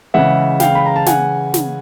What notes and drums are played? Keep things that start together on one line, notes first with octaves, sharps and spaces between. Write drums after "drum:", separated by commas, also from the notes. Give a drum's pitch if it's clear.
C#3 E3 G#3 E5 F#5
F5 G5, drum: snare
B5
A#5
A5
F#5 G#5, drum: snare
drum: snare